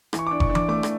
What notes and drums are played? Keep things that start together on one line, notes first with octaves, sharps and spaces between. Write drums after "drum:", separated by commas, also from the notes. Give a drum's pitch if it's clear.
E3, drum: rim click
C#6
D4 D6
C#6, drum: kick F1
D4
D6, drum: tom E3
A3 D6
drum: rim click